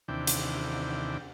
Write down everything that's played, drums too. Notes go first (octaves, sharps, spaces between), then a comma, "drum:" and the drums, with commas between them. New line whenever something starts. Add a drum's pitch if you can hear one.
D#2 C3 E3 D4 G5
drum: hi-hat